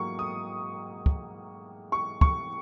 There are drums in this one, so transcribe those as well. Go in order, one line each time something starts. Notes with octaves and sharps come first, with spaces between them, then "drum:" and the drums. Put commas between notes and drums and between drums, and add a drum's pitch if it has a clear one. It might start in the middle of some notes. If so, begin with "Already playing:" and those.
Already playing: G#2 F#3 A#3 C#6
D#6
drum: kick
C#6
C#6, drum: kick